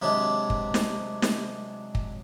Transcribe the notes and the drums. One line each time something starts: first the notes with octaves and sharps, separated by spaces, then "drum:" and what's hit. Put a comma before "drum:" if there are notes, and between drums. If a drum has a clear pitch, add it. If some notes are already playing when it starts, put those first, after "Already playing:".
C3 F#3 G#3 D4
drum: kick
drum: snare
drum: snare
drum: kick